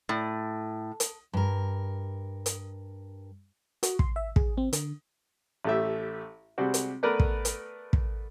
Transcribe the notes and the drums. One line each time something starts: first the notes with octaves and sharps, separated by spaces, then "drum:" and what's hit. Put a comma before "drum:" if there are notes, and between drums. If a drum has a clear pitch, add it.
A2
drum: hi-hat
G2 A#4
drum: hi-hat
F#4, drum: hi-hat
C6, drum: kick
E5
G#4, drum: kick
C4
D3, drum: hi-hat
A1 A3 G4 E5
C3 G3 G#3 C4 F#4 G4
drum: hi-hat
A3 B3 A#4 B4 D5
drum: kick
drum: hi-hat
drum: kick